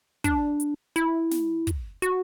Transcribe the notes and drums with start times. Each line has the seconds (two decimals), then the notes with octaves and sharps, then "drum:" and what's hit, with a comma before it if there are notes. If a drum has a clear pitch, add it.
0.24 D4, drum: kick, hi-hat
0.60 drum: hi-hat
0.96 E4, drum: hi-hat
1.31 drum: snare
1.67 drum: kick, hi-hat
2.02 F#4, drum: hi-hat